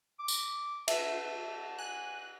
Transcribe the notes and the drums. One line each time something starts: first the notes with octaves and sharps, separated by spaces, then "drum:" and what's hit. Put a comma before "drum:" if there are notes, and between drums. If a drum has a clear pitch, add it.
D6
drum: tambourine
E5 A5, drum: cymbal
G#5 F#6